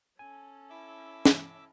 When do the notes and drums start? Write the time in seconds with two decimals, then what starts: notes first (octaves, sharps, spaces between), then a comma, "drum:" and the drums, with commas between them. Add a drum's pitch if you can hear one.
0.19 C#4 A4 G#5
0.70 E4 E5 D6 E6
1.25 drum: snare